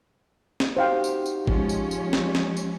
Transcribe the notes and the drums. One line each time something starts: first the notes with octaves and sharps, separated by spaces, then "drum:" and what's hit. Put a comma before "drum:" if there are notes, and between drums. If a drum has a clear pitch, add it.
drum: snare
D#4 F#4 G4 C5 F5 G5
drum: tambourine
drum: tambourine
F3 G#3 C#4, drum: kick
drum: tambourine
drum: tambourine
drum: snare
drum: snare
drum: tambourine